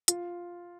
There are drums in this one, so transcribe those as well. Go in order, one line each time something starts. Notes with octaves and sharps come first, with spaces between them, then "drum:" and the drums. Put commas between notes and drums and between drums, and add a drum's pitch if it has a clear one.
F4, drum: hi-hat